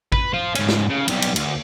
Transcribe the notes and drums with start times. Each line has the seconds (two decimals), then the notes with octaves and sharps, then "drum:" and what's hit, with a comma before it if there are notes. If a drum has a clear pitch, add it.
0.12 B4, drum: kick A1
0.33 C5 F5
0.55 G#2 C#4, drum: cymbal
0.69 drum: snare
0.89 C#3
1.08 B1 G3, drum: cymbal
1.22 drum: cymbal
1.36 D2, drum: cymbal